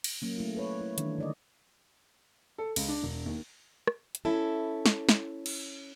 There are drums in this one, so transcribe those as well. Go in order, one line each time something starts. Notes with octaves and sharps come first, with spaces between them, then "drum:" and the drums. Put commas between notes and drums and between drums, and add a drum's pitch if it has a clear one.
drum: cymbal
F#3 A#3 C#4
A3 E4
A4 B4 C#5
E4
D#3 E3 G#3 D4 D#4, drum: hi-hat
D3 D5 D#5
A4
C#2, drum: cymbal
D4
E1
D#2
drum: rim click
drum: hi-hat
C#4 E4 A4
drum: snare
drum: snare
drum: cymbal